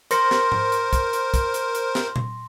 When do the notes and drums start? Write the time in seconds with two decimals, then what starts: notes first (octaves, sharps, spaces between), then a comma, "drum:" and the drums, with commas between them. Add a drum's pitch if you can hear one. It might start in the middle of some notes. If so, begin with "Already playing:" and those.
0.11 A#4 C5 C6 A#6 C#7, drum: hi-hat
0.31 drum: snare
0.52 drum: tom G#2
0.72 drum: hi-hat
0.93 drum: kick, hi-hat
1.13 drum: hi-hat
1.34 drum: kick, hi-hat
1.54 drum: hi-hat
1.75 drum: hi-hat
1.95 drum: snare
2.16 drum: tom A#2